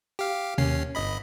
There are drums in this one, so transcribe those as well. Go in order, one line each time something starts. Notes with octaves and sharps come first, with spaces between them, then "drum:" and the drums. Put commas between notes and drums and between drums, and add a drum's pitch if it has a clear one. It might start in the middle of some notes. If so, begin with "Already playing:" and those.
G4 F5
D#2 C#4 C7, drum: tom B2
G1 D#5 B5